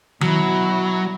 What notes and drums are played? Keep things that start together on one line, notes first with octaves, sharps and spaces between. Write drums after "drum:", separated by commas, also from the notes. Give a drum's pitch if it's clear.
B2 F#3 E4, drum: tom D#3